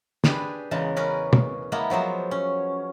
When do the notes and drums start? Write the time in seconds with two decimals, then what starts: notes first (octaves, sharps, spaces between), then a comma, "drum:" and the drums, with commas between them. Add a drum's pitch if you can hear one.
0.24 D4 G4 G#4 B4 B5, drum: snare
0.71 E2 C#3 G#3 A#4 A5
0.96 C#4 G#4 A#4 B4
1.33 drum: tom
1.72 G#3 A#3 B3 E4
1.90 F3 F#3 B3 C5
2.31 C#4